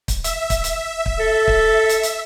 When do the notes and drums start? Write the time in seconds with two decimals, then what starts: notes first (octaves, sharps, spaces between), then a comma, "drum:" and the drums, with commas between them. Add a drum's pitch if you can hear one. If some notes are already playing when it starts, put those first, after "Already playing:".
0.08 drum: kick, hi-hat
0.24 E5, drum: hi-hat
0.50 drum: kick, hi-hat
0.64 drum: hi-hat
1.06 drum: kick
1.20 A4
1.48 drum: kick
1.89 drum: hi-hat
2.03 drum: hi-hat